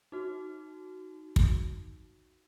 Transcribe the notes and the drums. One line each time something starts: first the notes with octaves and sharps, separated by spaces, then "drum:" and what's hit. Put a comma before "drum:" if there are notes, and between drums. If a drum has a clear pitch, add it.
D#4 F#4
drum: kick